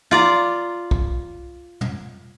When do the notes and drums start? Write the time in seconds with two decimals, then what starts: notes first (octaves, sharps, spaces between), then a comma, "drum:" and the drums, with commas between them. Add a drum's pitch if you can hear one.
0.11 F4 D5 A#5
0.91 drum: kick
1.81 drum: tom